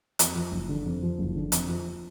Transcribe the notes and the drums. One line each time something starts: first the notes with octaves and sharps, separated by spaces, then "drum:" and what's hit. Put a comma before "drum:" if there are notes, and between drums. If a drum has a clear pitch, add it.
F2, drum: hi-hat
F3
F#1
D3
F2
F3
F#1
D3
F2, drum: hi-hat
F3